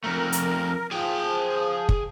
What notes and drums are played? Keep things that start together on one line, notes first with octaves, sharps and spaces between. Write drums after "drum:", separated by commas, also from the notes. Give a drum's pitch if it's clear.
F2 A3 A#4
drum: hi-hat
F3 G#4 G5
drum: kick